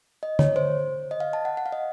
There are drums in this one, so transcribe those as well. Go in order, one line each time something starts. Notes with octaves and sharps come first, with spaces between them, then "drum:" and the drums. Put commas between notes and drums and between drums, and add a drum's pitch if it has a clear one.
D#5
C#5, drum: tom D3
C5
D#5
F5
A5
F#5
F#5
F5
D#5